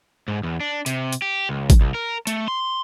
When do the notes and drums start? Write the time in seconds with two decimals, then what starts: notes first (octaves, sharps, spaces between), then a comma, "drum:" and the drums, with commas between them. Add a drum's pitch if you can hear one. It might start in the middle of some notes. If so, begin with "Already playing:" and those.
0.28 G#2
0.43 E2
0.60 D4
0.86 C3, drum: hi-hat
1.12 drum: hi-hat
1.22 G4
1.49 C#2
1.70 drum: kick G#1, hi-hat
1.81 C2
1.94 A#4
2.27 A3, drum: hi-hat
2.48 C6